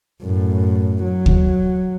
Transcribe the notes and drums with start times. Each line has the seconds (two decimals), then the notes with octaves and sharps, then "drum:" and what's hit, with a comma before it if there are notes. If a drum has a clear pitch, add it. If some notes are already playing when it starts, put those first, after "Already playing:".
0.22 F#2 A2
1.04 F#3
1.26 drum: kick D2